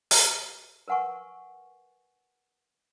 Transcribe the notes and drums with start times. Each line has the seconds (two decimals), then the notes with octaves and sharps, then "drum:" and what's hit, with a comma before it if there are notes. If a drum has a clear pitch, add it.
0.11 drum: open hi-hat
0.88 A#4 B4 F#5 G#5 C#6